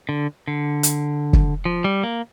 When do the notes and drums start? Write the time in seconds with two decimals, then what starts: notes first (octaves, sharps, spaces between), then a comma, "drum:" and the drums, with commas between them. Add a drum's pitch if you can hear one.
0.09 D3
0.48 D3
0.83 drum: hi-hat
1.33 drum: kick
1.65 F3
1.84 G3
2.03 A#3